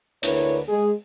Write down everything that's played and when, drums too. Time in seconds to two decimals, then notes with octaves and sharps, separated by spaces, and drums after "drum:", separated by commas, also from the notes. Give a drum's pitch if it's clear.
0.23 D2 D3 E4 A#4 B4 C#5, drum: hi-hat
0.68 G#3 G#4